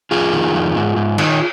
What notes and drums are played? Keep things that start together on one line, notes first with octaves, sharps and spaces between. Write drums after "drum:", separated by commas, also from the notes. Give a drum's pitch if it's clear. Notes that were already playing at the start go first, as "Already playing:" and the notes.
F2 F4 G#4
D#3
F2
G#2
G#2
D#3, drum: cymbal